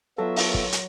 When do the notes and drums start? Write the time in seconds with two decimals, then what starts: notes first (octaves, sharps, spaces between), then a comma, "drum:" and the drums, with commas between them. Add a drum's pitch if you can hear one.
0.18 F#3 B3 F4 A4 E5
0.36 drum: open hi-hat
0.54 drum: kick
0.72 drum: hi-hat